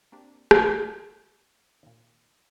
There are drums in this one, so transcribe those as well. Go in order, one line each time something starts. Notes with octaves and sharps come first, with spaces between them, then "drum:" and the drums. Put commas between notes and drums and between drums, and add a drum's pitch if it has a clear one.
A#3 C4 D4 G4
drum: rim click
D#2 A#2